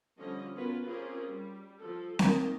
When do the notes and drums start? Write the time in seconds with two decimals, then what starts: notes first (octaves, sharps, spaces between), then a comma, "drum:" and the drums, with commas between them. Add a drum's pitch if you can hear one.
0.19 D3 F3 G3 C#4 D#5
0.56 B3 C#4 F4 F#4 A#4 B4
0.85 C4 C#4 F4 G4 G#4 A#4
1.28 G3
1.79 F3 A4
2.19 D#3 A#3 D#5, drum: snare C4